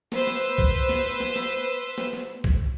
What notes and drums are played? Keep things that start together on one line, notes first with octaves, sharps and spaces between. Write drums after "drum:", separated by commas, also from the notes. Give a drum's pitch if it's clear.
B4 C5 E6, drum: snare
drum: snare
drum: kick C2
drum: snare
drum: snare
drum: snare
drum: snare
drum: snare
drum: kick C2